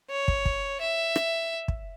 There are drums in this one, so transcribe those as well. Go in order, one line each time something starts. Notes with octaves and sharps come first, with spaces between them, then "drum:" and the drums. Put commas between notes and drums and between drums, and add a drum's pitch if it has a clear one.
C#5
drum: kick
drum: kick
E5
drum: rim click
drum: kick